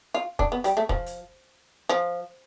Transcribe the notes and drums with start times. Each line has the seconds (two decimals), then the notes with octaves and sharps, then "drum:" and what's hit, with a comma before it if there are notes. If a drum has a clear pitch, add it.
0.14 F4
0.39 D4, drum: kick
0.52 B3
0.64 G3, drum: hi-hat
0.77 A3
0.89 F3, drum: kick
1.06 drum: hi-hat
1.89 F3